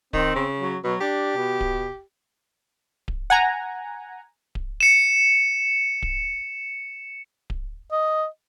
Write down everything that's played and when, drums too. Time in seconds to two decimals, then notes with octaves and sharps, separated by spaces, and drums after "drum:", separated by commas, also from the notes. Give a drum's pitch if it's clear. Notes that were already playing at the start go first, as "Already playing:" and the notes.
0.13 D#3 C4, drum: kick D1
0.35 C#3
0.59 F#3
0.84 B2 F#3
1.01 D4 G4
1.36 B2
1.61 drum: kick D1
3.08 drum: kick D1
3.30 F#5 G#5 A#5
4.55 drum: kick D1
4.80 C#7 E7
6.02 drum: kick D1
7.50 drum: kick D1
7.91 D#5